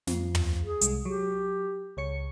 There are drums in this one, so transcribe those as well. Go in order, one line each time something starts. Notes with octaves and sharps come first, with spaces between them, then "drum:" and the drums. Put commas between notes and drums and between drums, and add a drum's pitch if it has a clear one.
F2 F4, drum: snare
drum: tom
G#4
C2 G#3, drum: hi-hat
F#3 G4
C#2 C#5 C#7